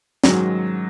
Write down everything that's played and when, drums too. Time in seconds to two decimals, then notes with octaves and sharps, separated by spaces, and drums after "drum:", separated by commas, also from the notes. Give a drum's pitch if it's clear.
0.24 G#2 D#3 F#3 G#3 C#4, drum: snare